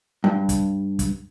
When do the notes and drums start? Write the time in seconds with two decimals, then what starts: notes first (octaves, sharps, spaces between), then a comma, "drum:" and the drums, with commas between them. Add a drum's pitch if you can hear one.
0.24 G2
0.49 drum: kick, hi-hat
0.99 drum: kick, hi-hat